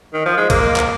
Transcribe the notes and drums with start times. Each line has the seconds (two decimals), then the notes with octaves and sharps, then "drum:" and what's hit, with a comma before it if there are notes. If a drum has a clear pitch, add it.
0.14 D#3
0.26 F3
0.38 G#3
0.50 A#3, drum: kick, cymbal
0.76 drum: clap